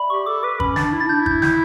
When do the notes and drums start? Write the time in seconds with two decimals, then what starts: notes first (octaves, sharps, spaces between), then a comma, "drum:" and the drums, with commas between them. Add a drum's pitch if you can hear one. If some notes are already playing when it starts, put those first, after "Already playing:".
Already playing: D5 E5 B5
0.10 G4 C#6
0.26 A4 D6
0.43 B4 D6
0.60 C#4 B5, drum: kick G1
0.76 D4 A6, drum: snare
0.93 E4
1.00 A6
1.07 D4 G6
1.20 E4
1.26 G6, drum: kick G1
1.42 G6, drum: snare